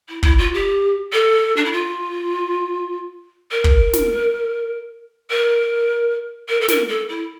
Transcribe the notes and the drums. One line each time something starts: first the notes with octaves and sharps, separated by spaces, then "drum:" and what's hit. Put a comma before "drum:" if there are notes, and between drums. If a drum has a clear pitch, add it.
E4
E4, drum: kick
F4
G4
A4
D4
E4
F4
A#4
drum: kick
drum: snare
A#4
A#4
A4
A#4, drum: snare
A4
E4